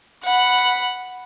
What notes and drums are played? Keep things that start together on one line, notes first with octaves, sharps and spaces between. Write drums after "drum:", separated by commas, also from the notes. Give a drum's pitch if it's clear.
F#5 B5, drum: open hi-hat
drum: hi-hat